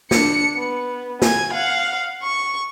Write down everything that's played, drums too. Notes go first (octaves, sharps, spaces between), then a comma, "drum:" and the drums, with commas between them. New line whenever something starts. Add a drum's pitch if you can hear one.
D4 C#7, drum: snare
B3
G#5 G#6, drum: snare
F5 F#5
C#6